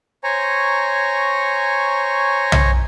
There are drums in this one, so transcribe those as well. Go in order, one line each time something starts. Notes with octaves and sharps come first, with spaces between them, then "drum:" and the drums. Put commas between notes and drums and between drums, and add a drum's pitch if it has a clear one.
C5 C#5 G#5 A#5 C#6
drum: tom B1